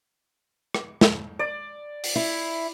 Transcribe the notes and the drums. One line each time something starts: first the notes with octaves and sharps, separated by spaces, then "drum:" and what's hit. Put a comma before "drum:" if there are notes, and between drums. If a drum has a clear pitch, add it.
drum: rim click
drum: snare
D5
drum: open hi-hat
E4